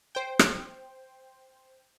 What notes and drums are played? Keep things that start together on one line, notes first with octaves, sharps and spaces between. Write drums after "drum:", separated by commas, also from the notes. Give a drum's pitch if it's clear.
C5 G5
drum: rim click